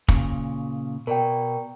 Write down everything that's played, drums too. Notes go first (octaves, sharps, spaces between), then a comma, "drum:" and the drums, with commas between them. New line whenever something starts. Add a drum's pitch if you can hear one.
A#2 C#3, drum: kick
B2 A#4 D5 G5